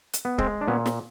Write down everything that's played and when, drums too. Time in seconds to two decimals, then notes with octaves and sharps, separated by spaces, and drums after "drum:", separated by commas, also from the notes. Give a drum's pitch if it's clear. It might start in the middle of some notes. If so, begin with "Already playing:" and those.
0.13 drum: hi-hat
0.25 B3
0.38 G#3 C4, drum: kick D1
0.61 D4
0.68 A#2 B3 C#4
0.86 drum: snare